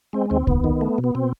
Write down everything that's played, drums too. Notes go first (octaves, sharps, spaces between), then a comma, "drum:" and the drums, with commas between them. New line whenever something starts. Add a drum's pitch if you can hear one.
G#3 C4
D#2 C4
D#2 B3, drum: kick C2
D#3
A3
B2
B3
B2 C4